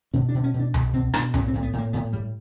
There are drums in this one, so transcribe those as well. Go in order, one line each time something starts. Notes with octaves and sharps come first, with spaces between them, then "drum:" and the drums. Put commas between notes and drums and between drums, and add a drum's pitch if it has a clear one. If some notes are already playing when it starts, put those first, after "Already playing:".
B2 C#4
D4
B2
C#4
B2
D4
B2, drum: tom C2
B2 C4
B2 D4, drum: rim click
A2 C#4, drum: tom C2
C4
A2
B3
A2
A#3
A2 B3
A2 G3